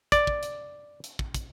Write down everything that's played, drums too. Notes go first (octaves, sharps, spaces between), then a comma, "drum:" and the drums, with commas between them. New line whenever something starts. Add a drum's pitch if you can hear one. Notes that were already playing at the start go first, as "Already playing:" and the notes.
D5, drum: kick, hi-hat
drum: kick
drum: hi-hat
drum: hi-hat
drum: kick
drum: kick, hi-hat